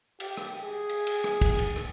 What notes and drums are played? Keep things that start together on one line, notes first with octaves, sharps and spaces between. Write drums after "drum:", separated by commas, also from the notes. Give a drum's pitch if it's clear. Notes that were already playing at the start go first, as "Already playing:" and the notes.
G4, drum: cymbal
drum: rim click
G#4
drum: cymbal
drum: cymbal
drum: rim click
drum: kick, cymbal
drum: cymbal
drum: rim click